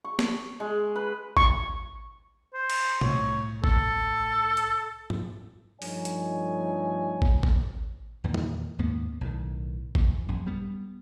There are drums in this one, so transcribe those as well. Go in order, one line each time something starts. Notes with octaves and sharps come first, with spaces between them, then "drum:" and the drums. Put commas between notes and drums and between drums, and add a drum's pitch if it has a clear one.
C#6
drum: snare
G#3
B4
C#6, drum: kick
C5
drum: cymbal
C2 A2 C#5, drum: tom B2
A4, drum: kick
drum: hi-hat
drum: tom
G2 F3 A3 D#4 C#5 G#5, drum: open hi-hat
drum: hi-hat
drum: kick
drum: kick
E2 A#2 D#3 E3
drum: tom
D#2 G#2 A#3 B3
B1 A2 D#3
E2, drum: kick
A#1 F#2
G3 B3